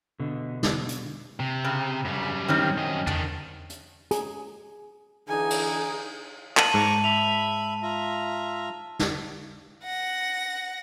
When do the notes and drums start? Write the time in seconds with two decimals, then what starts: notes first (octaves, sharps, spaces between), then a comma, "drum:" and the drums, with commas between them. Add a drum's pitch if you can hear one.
0.19 B2 D3
0.63 drum: snare
0.89 drum: hi-hat
1.40 C3
1.65 C#3
2.05 F#2 G3
2.48 D#3 C4 C#4
2.77 F#2 D#5
3.07 D#3 D4, drum: tom
3.70 drum: hi-hat
4.11 G#4, drum: hi-hat
5.28 D3 E3 D#4 G#4 G#5
5.51 drum: cymbal
6.57 A5 D#7 F#7, drum: clap
6.74 G#2 A#5 C#6 D6
7.04 E5 B5 F7
7.83 F4 E5 A#5
8.99 drum: snare
9.84 F#5 A#6